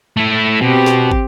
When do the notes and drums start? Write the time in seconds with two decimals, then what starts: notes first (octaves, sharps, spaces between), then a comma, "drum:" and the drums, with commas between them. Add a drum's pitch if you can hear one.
0.17 A3 E4
0.61 B2 C4 G4
0.86 drum: snare
1.11 drum: kick